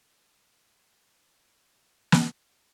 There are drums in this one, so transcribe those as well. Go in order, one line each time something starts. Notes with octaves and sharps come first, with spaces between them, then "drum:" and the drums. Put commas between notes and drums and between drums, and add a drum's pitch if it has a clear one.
G#4 F#5 G5 D6 F#6
drum: snare